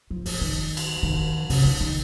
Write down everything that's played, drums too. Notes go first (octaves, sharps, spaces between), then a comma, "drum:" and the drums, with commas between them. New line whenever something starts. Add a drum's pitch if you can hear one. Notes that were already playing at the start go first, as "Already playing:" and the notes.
F3
F3, drum: open hi-hat
D#3
drum: cymbal
D#3
C#3, drum: open hi-hat
D#3
D#3